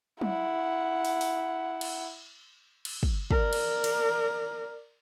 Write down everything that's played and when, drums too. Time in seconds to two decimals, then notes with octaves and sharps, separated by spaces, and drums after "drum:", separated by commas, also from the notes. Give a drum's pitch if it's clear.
0.21 E4 F#5, drum: tom F#3
1.05 drum: open hi-hat
1.21 drum: open hi-hat
1.81 drum: cymbal
2.85 drum: cymbal
3.03 drum: kick
3.31 A#4 D5, drum: kick
3.53 drum: cymbal
3.84 drum: cymbal